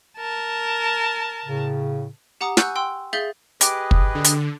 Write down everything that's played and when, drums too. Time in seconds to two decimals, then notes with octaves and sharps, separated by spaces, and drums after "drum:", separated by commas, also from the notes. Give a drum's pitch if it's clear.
0.17 A#4 A5
1.45 A2 C#3
2.41 G4 F#5 A#5 D6 D#6
2.57 F#5 G#5 C#6 E6 F#6 G6, drum: snare
2.76 G5 C6 E6
3.13 G#4 E5 F5 G6 A6 G7
3.61 G4 G#4 B4 D#5, drum: hi-hat
3.91 drum: kick
4.15 D3
4.24 drum: hi-hat